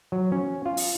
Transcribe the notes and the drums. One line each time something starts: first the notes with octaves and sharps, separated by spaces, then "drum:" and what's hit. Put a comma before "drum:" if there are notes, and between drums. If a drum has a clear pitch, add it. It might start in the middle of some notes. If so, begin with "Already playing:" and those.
F#3
C#4
F4
drum: open hi-hat